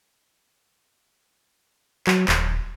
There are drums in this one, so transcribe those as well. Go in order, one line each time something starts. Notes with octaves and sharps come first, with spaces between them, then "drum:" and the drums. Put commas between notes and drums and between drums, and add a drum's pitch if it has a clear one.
F#3, drum: clap
D#1, drum: clap